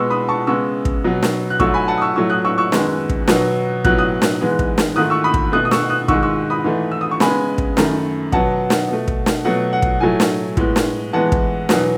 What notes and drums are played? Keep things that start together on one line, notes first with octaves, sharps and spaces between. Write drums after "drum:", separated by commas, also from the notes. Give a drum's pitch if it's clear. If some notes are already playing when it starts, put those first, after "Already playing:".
Already playing: B2 G#3 B3 C#6 E6
B5 D#6
A5 C#6
C#3 G#3 B3 C#6 E6
drum: kick
B2 F#3 B3
drum: snare
F#6
G#2 F#3 A3 C#6 E6, drum: kick
G#5 B5
F#5 A5
D#6
C#6 E6
A2 F#3 A3 C#6 E6
D#6 F#6
C#6 E6
C#6 E6
F#2 D#3 G#3 B3, drum: snare
drum: kick
B2 F#3 B3, drum: snare
A2 F#3 B3 F#6, drum: kick
D#6 F#6
drum: snare
G#2 E3 G#3 B3
drum: kick
drum: snare
G#2 D#3 A3 D#6 F#6
C#6 E6
B5 D#6
drum: kick
B2 A3 D#6 F#6
D#6
C#6 E6, drum: snare
D#6 F#6
G#2 D#3 G#3 C#6 E6, drum: kick
C#6 E6
B5 D#6
G#2 E3 A3
E6
D#6
C#6
C#3 G#3 B3 G#5 B5, drum: snare
drum: kick
F#2 D#3 A3, drum: snare
B2 F#3 B3 F#5 A5, drum: kick
drum: snare
B2 A3
drum: kick
drum: snare
B2 F#3 A3 F#5
F#5
drum: kick
A2 F#3 A3 G#5
drum: snare
A2 G#3 B3, drum: kick
drum: snare
A2 E3 G#3 B3 F#5 A5
drum: kick
E2 B2 F#3 B3, drum: snare